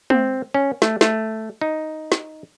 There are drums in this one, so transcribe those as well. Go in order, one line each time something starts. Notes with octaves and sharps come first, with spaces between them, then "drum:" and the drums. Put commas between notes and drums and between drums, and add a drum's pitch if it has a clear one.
C4, drum: tom
C#4
A3, drum: snare
A3, drum: snare
D#4
drum: snare